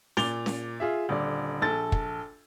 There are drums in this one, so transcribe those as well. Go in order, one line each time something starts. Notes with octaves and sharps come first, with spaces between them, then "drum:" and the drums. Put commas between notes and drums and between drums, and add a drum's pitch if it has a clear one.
A#2 D6 A6 F7 G7, drum: snare C#4
drum: snare C#4
F4 G#4 E5
D#1 D3 D5
A#1 A4 A6
drum: kick